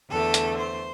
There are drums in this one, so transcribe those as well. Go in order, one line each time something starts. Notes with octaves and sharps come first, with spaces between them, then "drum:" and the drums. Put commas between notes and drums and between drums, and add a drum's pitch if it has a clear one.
E2 D3 A3 A4
drum: hi-hat
C5